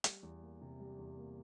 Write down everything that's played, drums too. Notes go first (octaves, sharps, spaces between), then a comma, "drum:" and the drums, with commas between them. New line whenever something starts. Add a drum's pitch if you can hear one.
G3, drum: hi-hat
E2
A#3
C3
G3
E2
A#3